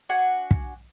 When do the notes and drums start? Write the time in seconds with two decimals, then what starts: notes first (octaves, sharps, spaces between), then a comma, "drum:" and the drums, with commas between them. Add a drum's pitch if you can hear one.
0.09 D4 F#4 F#5 G#5
0.51 drum: kick